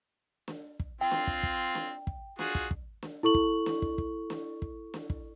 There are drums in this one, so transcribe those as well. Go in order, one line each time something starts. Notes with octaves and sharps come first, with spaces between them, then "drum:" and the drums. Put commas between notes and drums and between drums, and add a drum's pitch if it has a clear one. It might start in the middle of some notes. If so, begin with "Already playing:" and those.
drum: snare
drum: kick
C4 F4 G5
drum: snare
drum: kick
drum: kick
drum: snare
drum: kick
F4 F#4 G#4, drum: snare
drum: kick
drum: kick
drum: snare
E4 A4 C#6 F#7
drum: kick
drum: snare
drum: kick
drum: kick
drum: snare
drum: kick
drum: snare
drum: kick